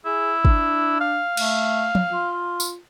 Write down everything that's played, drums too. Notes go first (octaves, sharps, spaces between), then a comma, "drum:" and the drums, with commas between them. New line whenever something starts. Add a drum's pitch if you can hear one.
E4 G#4
D4, drum: kick
F5
A3, drum: cymbal
drum: tom F3
F4
drum: tambourine